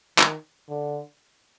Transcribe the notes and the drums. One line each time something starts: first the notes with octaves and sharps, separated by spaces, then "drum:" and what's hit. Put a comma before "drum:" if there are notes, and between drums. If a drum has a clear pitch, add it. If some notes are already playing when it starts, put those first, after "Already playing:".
D#3, drum: clap
D3